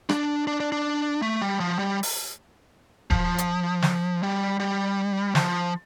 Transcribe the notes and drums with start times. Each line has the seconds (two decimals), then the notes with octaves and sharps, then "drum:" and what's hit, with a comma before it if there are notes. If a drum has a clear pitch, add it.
0.09 D4, drum: rim click
0.47 D4
0.60 D4
0.72 D4
1.22 A3
1.42 G3
1.60 F3
1.79 G3
2.03 drum: open hi-hat
3.11 F3, drum: kick D#1
3.38 drum: hi-hat
3.82 drum: snare
4.23 G3
4.60 G3
5.35 F3, drum: snare